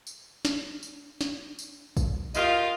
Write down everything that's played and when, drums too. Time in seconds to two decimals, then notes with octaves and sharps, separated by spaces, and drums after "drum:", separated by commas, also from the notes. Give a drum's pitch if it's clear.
0.07 drum: tambourine
0.45 drum: snare
0.83 drum: tambourine
1.21 drum: snare
1.59 drum: tambourine
1.97 drum: kick, tambourine
2.35 F4 G4 A#4 D#5, drum: tambourine